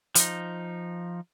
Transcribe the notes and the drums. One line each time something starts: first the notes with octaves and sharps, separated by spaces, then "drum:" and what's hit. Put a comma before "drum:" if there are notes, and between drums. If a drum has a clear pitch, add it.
F3 D#4, drum: hi-hat